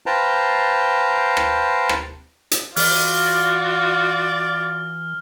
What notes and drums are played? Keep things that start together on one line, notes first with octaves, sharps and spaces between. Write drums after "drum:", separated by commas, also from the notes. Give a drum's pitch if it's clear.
B4 C5 F5 G5 A5 A#5
drum: rim click
drum: rim click
drum: hi-hat
E3 F4 F#4 D5 F6, drum: open hi-hat